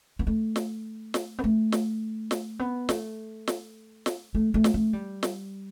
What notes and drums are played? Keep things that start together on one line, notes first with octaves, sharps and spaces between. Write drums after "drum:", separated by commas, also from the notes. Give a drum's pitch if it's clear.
B3
A3
drum: snare
drum: snare
B3
A3
drum: snare
drum: snare
B3
A3, drum: snare
drum: snare
drum: snare
A3
A3
drum: snare
A3
G3
drum: snare